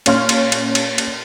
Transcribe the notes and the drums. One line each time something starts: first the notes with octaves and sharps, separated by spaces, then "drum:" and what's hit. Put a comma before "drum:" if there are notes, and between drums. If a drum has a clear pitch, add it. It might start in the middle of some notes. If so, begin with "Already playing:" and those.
A#2 C#4 F5 C6 F6, drum: cymbal
drum: cymbal
drum: cymbal
drum: cymbal
drum: cymbal